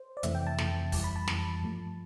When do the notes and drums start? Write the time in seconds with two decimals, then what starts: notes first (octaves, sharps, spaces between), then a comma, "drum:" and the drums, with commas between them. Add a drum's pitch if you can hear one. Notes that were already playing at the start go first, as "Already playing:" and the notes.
Already playing: C5
0.17 D5
0.23 F2 C3 E3 A3 E5, drum: hi-hat
0.35 G5
0.47 A5
0.58 F2 C3 E3 A3, drum: snare
0.92 F2 E3 G3 A5, drum: kick, open hi-hat
1.04 B5
1.16 A5
1.28 F2 E3 G3, drum: snare
1.62 G2 F3 A3